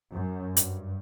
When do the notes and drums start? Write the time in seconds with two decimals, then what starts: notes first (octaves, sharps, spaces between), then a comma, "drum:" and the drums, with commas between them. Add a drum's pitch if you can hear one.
0.12 F#2
0.57 G2, drum: hi-hat